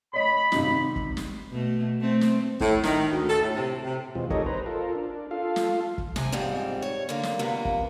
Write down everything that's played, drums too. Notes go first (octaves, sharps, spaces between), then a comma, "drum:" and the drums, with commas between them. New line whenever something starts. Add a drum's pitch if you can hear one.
C#5 D#5 B5
G#1 C3 D#4, drum: snare
drum: kick
drum: snare
B2 A3
A3 C4
drum: snare
A2, drum: kick
D#3, drum: snare
D2
A4
A2
C3
C3
E2 B2 G#3 C4 F4
D#4 G4 A4 A#4 C#5 D#5, drum: kick
B4 C5 A#5
F4 A4 A#4
D4
F4 A4 F5
drum: snare
drum: kick
C3 G#5, drum: snare
F2 G#2 G3 C4
C#5
D3 A#3
drum: snare
F2 C3 A#3 B3
drum: kick